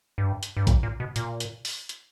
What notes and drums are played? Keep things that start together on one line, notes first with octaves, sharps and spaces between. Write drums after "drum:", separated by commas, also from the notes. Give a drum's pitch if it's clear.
G2
drum: hi-hat
G2
A#2, drum: kick A#1, hi-hat
A#2
B2
A#2, drum: hi-hat
drum: hi-hat
drum: open hi-hat
drum: hi-hat